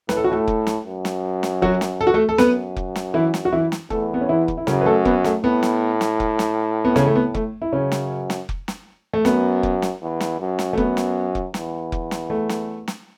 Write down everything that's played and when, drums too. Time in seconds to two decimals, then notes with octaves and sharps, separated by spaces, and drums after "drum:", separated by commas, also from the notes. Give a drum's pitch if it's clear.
0.09 A2 B4, drum: snare
0.17 A4
0.24 F#4
0.32 A3 A4
0.48 drum: kick F1
0.67 drum: snare
0.86 F#2
1.05 drum: snare
1.43 drum: snare
1.62 F#3 F#4, drum: kick F1
1.81 drum: snare
2.01 A4
2.07 F#4
2.14 A3 A4
2.29 A4
2.38 F#2 B3 B4, drum: snare
2.76 drum: kick F1
2.96 drum: snare
3.14 E3 E4
3.34 drum: snare
3.45 F#4
3.53 E3 E4
3.72 drum: snare
3.90 E2 A3 A4, drum: kick F1
4.14 B3
4.21 C#4
4.29 E3 E4
4.48 drum: kick F1
4.58 E4
4.67 F#2 C#3 C#4, drum: snare
4.81 B4
4.86 A3 A4
5.05 B3, drum: kick F1
5.24 A3, drum: snare
5.44 A2 B3
5.63 drum: snare
6.01 drum: snare
6.20 drum: kick F1
6.39 drum: snare
6.85 B3
6.96 C#3 C#4, drum: snare
7.06 A3
7.15 B3
7.34 A3, drum: kick F1
7.62 E4
7.73 F#2 C#3 C#4
7.92 drum: snare
8.30 drum: snare
8.49 drum: kick F1
8.68 drum: snare
9.13 A3
9.25 F#2 B3, drum: snare
9.63 drum: kick F1
9.82 drum: snare
10.02 E2
10.20 drum: snare
10.39 F#2
10.59 drum: snare
10.73 A3
10.77 F#2 B3, drum: kick F1
10.97 drum: snare
11.35 drum: kick F1
11.54 E2, drum: snare
11.92 drum: kick F1
12.11 drum: snare
12.30 A3
12.49 drum: snare
12.88 drum: snare